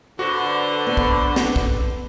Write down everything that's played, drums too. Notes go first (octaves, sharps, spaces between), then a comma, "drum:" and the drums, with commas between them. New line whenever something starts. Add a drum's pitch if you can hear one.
D3 F#4 B4 C5
B3
drum: kick
drum: snare
drum: kick